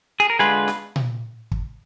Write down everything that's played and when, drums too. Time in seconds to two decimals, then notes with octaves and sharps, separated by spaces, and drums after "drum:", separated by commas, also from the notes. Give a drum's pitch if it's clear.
0.20 G#4
0.30 A#4
0.39 D3 G#3 D4 F4 G#4 B4
0.68 drum: snare
0.96 drum: tom A#2
1.51 drum: kick